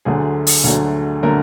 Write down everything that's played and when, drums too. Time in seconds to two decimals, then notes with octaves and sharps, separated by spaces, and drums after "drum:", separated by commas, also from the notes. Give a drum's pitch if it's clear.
0.05 D2 D3 F#3 A3 G#4
0.47 drum: open hi-hat
0.64 D2 D3 F#3 A3
1.22 D3 F#3 A3 A#4